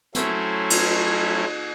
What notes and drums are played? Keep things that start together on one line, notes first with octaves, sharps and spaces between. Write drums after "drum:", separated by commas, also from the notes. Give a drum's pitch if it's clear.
F#3 A3 C#4 E4 C5, drum: hi-hat
drum: cymbal